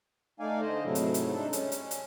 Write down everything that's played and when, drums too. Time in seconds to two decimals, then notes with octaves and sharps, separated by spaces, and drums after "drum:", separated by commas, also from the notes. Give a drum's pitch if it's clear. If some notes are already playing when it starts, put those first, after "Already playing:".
0.40 A3 D#4 D5 F5 G#5
0.61 D3 C5 D#5
0.84 G#2 C3 F#3 A3 E4
0.95 drum: hi-hat
1.14 drum: hi-hat
1.33 G#3 D4 D#4 A4
1.53 C#4, drum: hi-hat
1.72 drum: hi-hat
1.91 drum: hi-hat